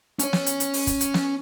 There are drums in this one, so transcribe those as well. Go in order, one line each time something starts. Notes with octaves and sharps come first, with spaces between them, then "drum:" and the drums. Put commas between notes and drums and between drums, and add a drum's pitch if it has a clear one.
C#4 C#5, drum: hi-hat
drum: snare
drum: hi-hat
drum: hi-hat
drum: open hi-hat
drum: kick, hi-hat
drum: hi-hat
drum: snare